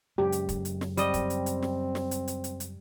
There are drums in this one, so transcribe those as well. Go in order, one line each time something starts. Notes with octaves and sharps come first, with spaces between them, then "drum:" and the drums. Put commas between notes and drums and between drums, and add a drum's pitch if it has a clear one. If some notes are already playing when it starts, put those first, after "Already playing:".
F#2 C#3 G#3 G4
drum: hi-hat
drum: kick, hi-hat
drum: hi-hat
drum: snare
G3 C4 D#5, drum: hi-hat
drum: kick, hi-hat
drum: hi-hat
drum: hi-hat
drum: snare
drum: snare
drum: hi-hat
drum: hi-hat
drum: hi-hat
drum: hi-hat